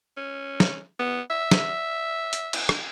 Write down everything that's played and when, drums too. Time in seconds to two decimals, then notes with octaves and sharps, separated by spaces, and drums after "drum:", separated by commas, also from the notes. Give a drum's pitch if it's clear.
0.17 C#4
0.60 drum: snare
0.99 B3
1.30 E5
1.51 drum: snare
2.33 drum: hi-hat
2.53 drum: cymbal
2.69 drum: rim click